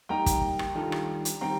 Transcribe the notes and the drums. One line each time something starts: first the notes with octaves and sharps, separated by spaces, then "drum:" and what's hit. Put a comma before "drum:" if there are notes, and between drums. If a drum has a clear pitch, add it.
G3 A#3 D#4 G5 A#5
drum: kick, hi-hat
drum: rim click
D#3 G3 D4 F4 A4
drum: rim click
drum: hi-hat
D#3 G3 C4 G5 A#5